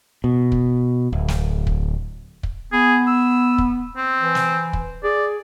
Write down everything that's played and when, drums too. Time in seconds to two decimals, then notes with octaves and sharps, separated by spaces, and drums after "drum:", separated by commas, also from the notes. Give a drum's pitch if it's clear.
0.24 B2
0.52 drum: kick
1.12 D1
1.28 drum: snare
1.67 drum: kick
2.43 drum: kick
2.73 B3 G#4
3.07 E6
3.58 drum: kick
3.97 C4
4.20 E3
4.35 drum: snare
4.73 drum: kick
5.03 G#4 D5